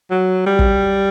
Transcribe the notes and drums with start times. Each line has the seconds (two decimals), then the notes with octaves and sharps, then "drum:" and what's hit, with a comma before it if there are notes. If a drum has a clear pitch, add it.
0.10 F#3
0.46 G3
0.59 drum: kick